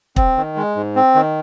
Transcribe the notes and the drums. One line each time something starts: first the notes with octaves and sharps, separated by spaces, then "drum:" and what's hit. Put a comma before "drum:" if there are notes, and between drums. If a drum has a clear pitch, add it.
C4, drum: kick
D#3
G#3
G#2
C4
D#3